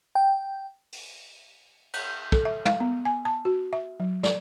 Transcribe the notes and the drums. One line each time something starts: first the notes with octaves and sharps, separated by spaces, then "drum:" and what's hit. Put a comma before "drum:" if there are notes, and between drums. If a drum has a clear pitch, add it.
G5
drum: open hi-hat
drum: cymbal
A4, drum: kick
E5
F5, drum: tom
B3
G#5
A5
F#4
E5
F#3
D5, drum: snare